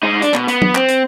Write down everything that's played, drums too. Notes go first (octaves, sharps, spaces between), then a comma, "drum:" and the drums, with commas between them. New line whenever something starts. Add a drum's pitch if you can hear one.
G#3 D#4
D4, drum: hi-hat
B2, drum: clap
B3, drum: hi-hat
drum: tom
C4, drum: clap
drum: hi-hat